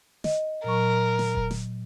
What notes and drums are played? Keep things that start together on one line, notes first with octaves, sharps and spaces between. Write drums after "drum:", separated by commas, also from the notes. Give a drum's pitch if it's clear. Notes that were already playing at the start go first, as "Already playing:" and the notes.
D#5, drum: snare
A#2 F#3 A#4 C#6
drum: snare
drum: kick E1
drum: snare